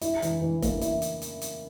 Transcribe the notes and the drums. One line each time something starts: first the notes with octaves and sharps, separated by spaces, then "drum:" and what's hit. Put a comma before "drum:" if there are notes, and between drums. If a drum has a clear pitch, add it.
E4, drum: hi-hat
E3, drum: hi-hat
E3
A#3, drum: kick F1, hi-hat
E4, drum: hi-hat
drum: hi-hat
drum: hi-hat
drum: hi-hat